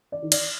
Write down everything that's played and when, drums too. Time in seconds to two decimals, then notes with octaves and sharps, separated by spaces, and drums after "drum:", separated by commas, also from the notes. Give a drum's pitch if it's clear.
0.12 D5
0.22 D#3
0.32 D5, drum: cymbal